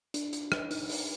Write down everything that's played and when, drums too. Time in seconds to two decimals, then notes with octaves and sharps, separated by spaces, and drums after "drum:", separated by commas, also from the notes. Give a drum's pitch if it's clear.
0.14 D4, drum: hi-hat
0.33 drum: hi-hat
0.52 drum: rim click
0.71 D#4, drum: open hi-hat
0.89 drum: open hi-hat